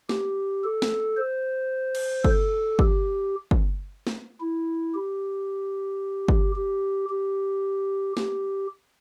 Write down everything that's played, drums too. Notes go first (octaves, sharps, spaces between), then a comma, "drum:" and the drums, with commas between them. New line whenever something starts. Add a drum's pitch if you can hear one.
G4, drum: snare
A4
drum: snare
C5
drum: cymbal
A4, drum: kick G1
G4, drum: kick G1
drum: kick G1
drum: snare
E4
G4
drum: kick G1
G4
G4
G4, drum: snare